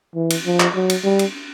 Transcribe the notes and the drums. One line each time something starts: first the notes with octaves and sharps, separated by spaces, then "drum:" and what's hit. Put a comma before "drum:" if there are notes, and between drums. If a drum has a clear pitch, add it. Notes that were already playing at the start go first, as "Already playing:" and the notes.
E3
drum: cymbal
F3
drum: clap
F#3
drum: cymbal
G3
drum: cymbal